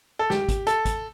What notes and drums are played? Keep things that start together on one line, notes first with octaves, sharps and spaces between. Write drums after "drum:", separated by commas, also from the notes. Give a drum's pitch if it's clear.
A4
G4, drum: snare
drum: kick G#1, hi-hat
A4, drum: hi-hat
drum: kick G#1, hi-hat